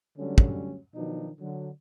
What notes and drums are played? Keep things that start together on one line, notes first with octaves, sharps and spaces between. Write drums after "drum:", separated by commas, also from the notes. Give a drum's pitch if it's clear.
D3 F#3 G3 A3 C#4
drum: kick
B2 D#3 F3 F#3 D4 D#4
D3 F#3